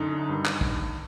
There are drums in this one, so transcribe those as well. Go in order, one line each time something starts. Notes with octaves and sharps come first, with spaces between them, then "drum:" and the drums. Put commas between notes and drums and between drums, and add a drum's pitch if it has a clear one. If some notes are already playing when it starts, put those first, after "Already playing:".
Already playing: F#2 D3 D#4
G2 D#3
drum: clap
drum: kick